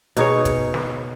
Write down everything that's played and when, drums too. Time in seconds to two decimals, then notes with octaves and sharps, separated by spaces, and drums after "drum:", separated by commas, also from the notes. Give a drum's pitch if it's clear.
0.16 B2 D#4 G#4 C#5, drum: hi-hat
0.45 drum: kick, hi-hat
0.74 drum: snare